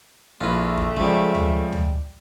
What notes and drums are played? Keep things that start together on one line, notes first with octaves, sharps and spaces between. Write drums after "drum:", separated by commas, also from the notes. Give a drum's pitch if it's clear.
A#1 A3 E4 F4 B4
drum: kick
C#3 F3 G3 G#3, drum: kick
drum: tom
drum: tom